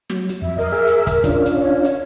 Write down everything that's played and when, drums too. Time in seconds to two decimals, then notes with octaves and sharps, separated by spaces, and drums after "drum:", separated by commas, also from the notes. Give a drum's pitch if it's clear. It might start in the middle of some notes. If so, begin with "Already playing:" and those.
0.10 F#3, drum: snare
0.29 drum: hi-hat
0.42 F2 E5
0.58 A#4 D#5
0.72 G#4 E5
0.87 drum: hi-hat
1.07 drum: kick, hi-hat
1.24 C#4 D4 F4, drum: kick, hi-hat
1.46 drum: hi-hat
1.61 C#5
1.84 drum: hi-hat